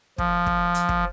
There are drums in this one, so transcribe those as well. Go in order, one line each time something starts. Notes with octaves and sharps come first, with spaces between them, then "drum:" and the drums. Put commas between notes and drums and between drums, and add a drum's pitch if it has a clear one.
F3, drum: kick
drum: kick
drum: hi-hat
drum: kick